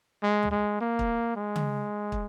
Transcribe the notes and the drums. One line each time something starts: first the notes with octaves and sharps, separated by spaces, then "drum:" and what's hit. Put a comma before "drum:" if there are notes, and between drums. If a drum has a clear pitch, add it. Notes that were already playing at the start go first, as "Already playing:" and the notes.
G#3
drum: tom
G#3
A#3
drum: kick
G#3
drum: tom C#3
drum: kick